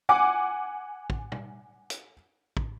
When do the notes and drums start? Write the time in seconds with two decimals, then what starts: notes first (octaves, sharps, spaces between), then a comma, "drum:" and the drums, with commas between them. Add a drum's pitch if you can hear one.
0.09 F#5 G#5 D6
1.10 drum: kick
1.32 drum: tom
1.90 drum: hi-hat
2.57 drum: kick